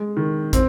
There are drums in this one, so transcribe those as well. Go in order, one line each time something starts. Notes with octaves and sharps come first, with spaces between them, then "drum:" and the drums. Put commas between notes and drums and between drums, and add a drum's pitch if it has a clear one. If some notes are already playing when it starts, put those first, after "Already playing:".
Already playing: G#3
D#3
C4, drum: kick, hi-hat